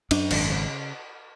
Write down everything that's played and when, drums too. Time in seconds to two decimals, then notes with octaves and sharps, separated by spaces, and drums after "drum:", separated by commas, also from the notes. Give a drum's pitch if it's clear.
0.11 F#2 D4, drum: cymbal
0.31 G#1, drum: cymbal
0.50 C#3